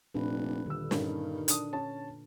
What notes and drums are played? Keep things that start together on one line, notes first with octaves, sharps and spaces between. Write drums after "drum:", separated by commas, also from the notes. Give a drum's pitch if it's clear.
F1 A#2 D4 B4
D#1 D3 E6
G2 D#3 C#4, drum: snare
D4 D#6, drum: hi-hat
C#4 C#5 A5